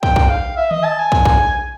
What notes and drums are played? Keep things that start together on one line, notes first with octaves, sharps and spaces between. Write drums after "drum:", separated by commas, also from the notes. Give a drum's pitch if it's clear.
G5, drum: kick
drum: kick
F5
E5
D#5, drum: tom D#3
A5
G#5
drum: kick
drum: kick